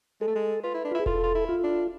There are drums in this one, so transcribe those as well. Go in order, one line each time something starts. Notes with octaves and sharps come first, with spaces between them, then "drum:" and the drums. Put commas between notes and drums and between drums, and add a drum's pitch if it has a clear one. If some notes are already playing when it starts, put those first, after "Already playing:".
G#3 A4
A3
G#3
F4 B4
E4
D4
F4
E4
G#4
F4 A4, drum: kick E1
F4
E4
F4
D4